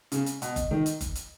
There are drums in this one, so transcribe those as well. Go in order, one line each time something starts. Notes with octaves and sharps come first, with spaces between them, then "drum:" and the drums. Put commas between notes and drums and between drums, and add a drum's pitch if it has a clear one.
C#3, drum: hi-hat
drum: hi-hat
B2, drum: hi-hat
drum: kick F#1, hi-hat
D#3
drum: hi-hat
drum: kick F#1, hi-hat
drum: hi-hat